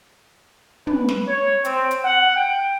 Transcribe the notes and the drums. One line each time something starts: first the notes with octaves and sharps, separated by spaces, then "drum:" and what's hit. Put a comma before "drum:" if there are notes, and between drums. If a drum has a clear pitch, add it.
B4, drum: tom
drum: snare
C#5
C4, drum: hi-hat
drum: hi-hat
F#5
G5